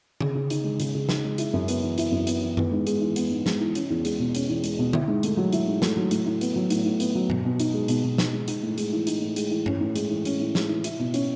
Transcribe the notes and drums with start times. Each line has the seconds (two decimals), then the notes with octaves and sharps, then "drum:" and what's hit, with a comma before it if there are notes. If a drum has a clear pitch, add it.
0.21 C#3, drum: tom D3
0.35 C#3
0.50 D#4, drum: hi-hat
0.64 G#3
0.80 C#3, drum: hi-hat
0.95 C#3
1.09 D#4, drum: snare
1.24 G#3
1.38 E4, drum: hi-hat
1.53 F#2
1.68 B3, drum: hi-hat
1.83 E3
1.98 E4, drum: hi-hat
2.12 F#2
2.27 B3, drum: hi-hat
2.42 E3
2.57 B3, drum: tom F#2
2.72 G#2
2.87 G#3, drum: hi-hat
3.01 E3
3.16 B3, drum: hi-hat
3.30 G#2
3.46 G#3, drum: snare
3.61 E3
3.75 C#4, drum: hi-hat
3.90 E2
4.05 G#3, drum: hi-hat
4.19 B2
4.35 C#4, drum: hi-hat
4.49 E2
4.64 G#3, drum: hi-hat
4.79 B2
4.93 E4, drum: tom D3
5.08 G#2
5.23 A3, drum: hi-hat
5.37 F#3
5.53 E4, drum: hi-hat
5.67 G#2
5.82 A3, drum: snare
5.97 F#3
6.11 A2, drum: hi-hat
6.26 A2
6.41 B3, drum: hi-hat
6.56 F#3
6.70 A2, drum: hi-hat
6.85 A2
7.00 B3, drum: hi-hat
7.15 F#3
7.30 B2, drum: tom G2
7.44 B2
7.60 D#4, drum: hi-hat
7.74 G#3
7.88 B2, drum: hi-hat
8.04 B2
8.18 D#4, drum: snare
8.33 G#3
8.48 D#4, drum: hi-hat
8.63 A2
8.78 G#3, drum: hi-hat
8.93 E3
9.07 D#4, drum: hi-hat
9.22 A2
9.36 G#3, drum: hi-hat
9.51 E3
9.66 C#4, drum: tom G2
9.81 A2
9.96 G#3, drum: hi-hat
10.11 E3
10.25 C#4, drum: hi-hat
10.40 A2
10.55 G#3, drum: snare
10.69 E3
10.84 E4, drum: hi-hat
10.99 B2
11.14 C#4, drum: hi-hat